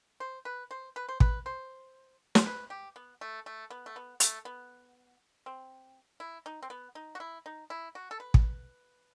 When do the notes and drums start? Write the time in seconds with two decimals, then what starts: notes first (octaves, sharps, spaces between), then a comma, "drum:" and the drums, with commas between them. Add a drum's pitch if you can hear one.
0.20 C5
0.45 B4
0.71 C5
0.96 B4
1.09 C5
1.20 B4, drum: kick
1.46 C5
2.35 C5, drum: snare
2.46 B4
2.70 G4
2.96 B3
3.21 A3
3.46 A3
3.70 B3
3.86 A3
3.96 B3
4.20 A3, drum: hi-hat
4.45 B3
5.46 C4
6.20 E4
6.46 D#4
6.63 C4
6.70 B3
6.95 D#4
7.15 F#4
7.20 E4
7.46 D#4
7.70 E4
7.95 F#4
8.11 A4
8.20 B4
8.34 drum: kick